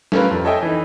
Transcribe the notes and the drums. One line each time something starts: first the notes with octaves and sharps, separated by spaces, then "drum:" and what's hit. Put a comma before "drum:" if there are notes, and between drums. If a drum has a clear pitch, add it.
A3 C#4 F4 G4 A#4 B4, drum: snare
F2
A4 C#5 D#5 E5 G5 G#5
E3 D#4